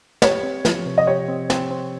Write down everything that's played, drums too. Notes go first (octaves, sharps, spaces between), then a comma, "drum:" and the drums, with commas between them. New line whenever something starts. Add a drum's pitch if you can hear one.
G4 C#5, drum: snare
C4
F3, drum: snare
C3
D#5
G4 C#5
C4
C4, drum: snare
C4